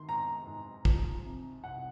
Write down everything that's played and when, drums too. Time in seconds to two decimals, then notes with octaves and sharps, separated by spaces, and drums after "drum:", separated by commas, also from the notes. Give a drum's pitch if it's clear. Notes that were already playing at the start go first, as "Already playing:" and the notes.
Already playing: D#3 C6
0.08 G#2 A#5
0.47 G#2
0.85 F3, drum: kick
1.24 C3
1.63 C2 F#5